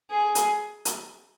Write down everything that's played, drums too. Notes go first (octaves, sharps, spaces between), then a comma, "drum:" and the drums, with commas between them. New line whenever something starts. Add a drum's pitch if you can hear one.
G#4
drum: hi-hat
drum: hi-hat